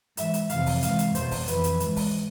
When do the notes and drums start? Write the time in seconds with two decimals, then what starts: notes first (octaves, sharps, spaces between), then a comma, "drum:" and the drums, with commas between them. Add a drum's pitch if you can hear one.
0.17 G#2 E3 E5, drum: hi-hat
0.34 drum: hi-hat
0.50 F2 C3 E3 F5, drum: hi-hat
0.66 drum: kick, open hi-hat
0.83 G#2 E3 F5, drum: hi-hat
0.99 drum: hi-hat
1.15 E2 B2 C5, drum: hi-hat
1.31 drum: kick, open hi-hat
1.48 F2 E3 B4, drum: hi-hat
1.64 drum: hi-hat
1.80 G#2 E3, drum: hi-hat
1.96 drum: kick, open hi-hat